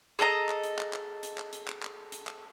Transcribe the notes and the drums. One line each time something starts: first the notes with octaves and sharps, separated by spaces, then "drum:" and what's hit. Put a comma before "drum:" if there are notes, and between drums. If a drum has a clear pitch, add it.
G#4 A4 D#5 A#5
drum: clap
drum: hi-hat
drum: clap
drum: clap
drum: hi-hat
drum: clap
drum: hi-hat
drum: clap
drum: clap
drum: hi-hat
drum: clap